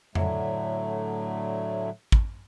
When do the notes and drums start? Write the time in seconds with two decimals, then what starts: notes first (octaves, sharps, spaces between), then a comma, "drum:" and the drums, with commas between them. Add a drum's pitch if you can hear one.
0.15 A2 D3 F#3 A3, drum: tom F2
2.12 drum: kick